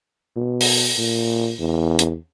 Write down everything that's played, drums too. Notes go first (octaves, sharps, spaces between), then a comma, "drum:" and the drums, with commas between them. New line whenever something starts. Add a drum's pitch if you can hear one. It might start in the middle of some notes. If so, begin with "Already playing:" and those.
B2
drum: open hi-hat
A#2
E2
drum: hi-hat